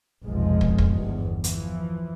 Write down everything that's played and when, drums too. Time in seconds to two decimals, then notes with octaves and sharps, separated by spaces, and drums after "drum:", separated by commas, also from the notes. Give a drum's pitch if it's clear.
0.23 F1 B1 G#2 F3 G#3
0.61 drum: kick
0.78 drum: kick
0.94 G1 E2 G2
1.44 E3 F3, drum: hi-hat